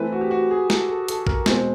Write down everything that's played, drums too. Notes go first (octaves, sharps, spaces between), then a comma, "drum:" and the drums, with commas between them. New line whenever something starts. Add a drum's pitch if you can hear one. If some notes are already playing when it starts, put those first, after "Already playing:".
Already playing: E3 A3 C4 B4
F#4
G4
F#4
G#4
A4, drum: snare
A4
A4, drum: hi-hat
A#4, drum: kick
E2 B2 G#3 C4 C5, drum: snare